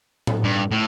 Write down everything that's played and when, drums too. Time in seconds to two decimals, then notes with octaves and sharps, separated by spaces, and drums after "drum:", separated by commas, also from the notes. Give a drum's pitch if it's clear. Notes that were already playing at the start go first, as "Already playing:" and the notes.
0.27 drum: tom A2
0.44 G2
0.71 A2